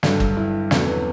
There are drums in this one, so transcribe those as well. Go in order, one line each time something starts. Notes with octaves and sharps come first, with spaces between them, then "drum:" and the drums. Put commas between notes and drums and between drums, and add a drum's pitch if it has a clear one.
G2 D3 F#3, drum: snare
drum: kick
E4
E2 D3 F#3 C#4, drum: snare
B3